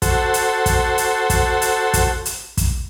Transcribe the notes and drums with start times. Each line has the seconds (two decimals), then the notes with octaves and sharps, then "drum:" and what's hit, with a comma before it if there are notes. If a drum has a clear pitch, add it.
0.02 F#4 A4 C5, drum: kick, hi-hat
0.34 drum: hi-hat
0.66 drum: kick, hi-hat
0.98 drum: hi-hat
1.30 drum: kick, hi-hat
1.62 drum: hi-hat
1.94 drum: kick, hi-hat
2.25 drum: hi-hat
2.57 drum: kick, hi-hat